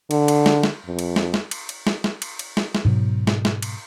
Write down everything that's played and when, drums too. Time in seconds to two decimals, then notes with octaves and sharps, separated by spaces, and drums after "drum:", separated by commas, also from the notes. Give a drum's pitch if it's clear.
0.11 D3, drum: cymbal
0.28 drum: cymbal
0.46 drum: snare
0.63 drum: snare
0.86 F2
0.99 drum: cymbal
1.16 drum: snare
1.34 drum: snare
1.51 drum: cymbal
1.69 drum: cymbal
1.87 drum: snare
2.04 drum: snare
2.22 drum: cymbal
2.39 drum: cymbal
2.57 drum: snare
2.75 drum: snare
2.85 G#2 B2 F#3
3.27 drum: snare
3.45 drum: snare
3.62 drum: cymbal